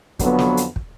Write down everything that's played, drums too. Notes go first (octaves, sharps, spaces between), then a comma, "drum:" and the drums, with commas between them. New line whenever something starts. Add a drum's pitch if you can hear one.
F2 D3 F#3 B3, drum: kick, hi-hat
drum: snare
drum: hi-hat
drum: kick